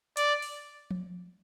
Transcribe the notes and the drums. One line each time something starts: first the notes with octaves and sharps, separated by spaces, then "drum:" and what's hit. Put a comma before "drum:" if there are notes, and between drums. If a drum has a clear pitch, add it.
D5, drum: hi-hat
drum: open hi-hat
drum: tom F3